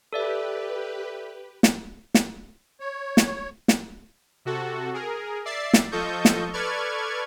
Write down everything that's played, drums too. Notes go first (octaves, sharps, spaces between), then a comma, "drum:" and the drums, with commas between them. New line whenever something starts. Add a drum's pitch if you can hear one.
G4 A4 B4 D5 E5
drum: snare
drum: snare
C#5
drum: snare
drum: snare
C3 F#4 A4
G#4 A#4
D5 E5 A6 C7
drum: snare
F3 F4 A4 D#5 C#6 G6
drum: snare
A4 B4 D5 C#6 F6 G#6